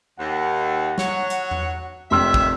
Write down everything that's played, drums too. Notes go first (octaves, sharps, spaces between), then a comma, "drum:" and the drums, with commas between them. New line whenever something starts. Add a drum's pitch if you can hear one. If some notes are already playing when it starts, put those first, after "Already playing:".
D#2 F#5
F#3 C#5, drum: snare
drum: hi-hat
drum: tom E2
F1 D#3 G4 E5 C6 E6
drum: kick